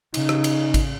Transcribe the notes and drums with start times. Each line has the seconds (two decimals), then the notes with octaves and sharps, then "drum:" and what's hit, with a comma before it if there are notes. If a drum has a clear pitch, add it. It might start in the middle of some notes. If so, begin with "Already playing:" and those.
0.14 C#3 D#4, drum: cymbal
0.29 drum: rim click
0.44 drum: cymbal
0.74 drum: kick G#1, cymbal